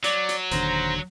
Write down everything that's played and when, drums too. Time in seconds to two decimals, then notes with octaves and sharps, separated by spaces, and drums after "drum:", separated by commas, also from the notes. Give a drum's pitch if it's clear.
0.04 F#3 D5, drum: hi-hat
0.29 drum: hi-hat
0.51 D#1 D#2 D3 C5 A#5, drum: hi-hat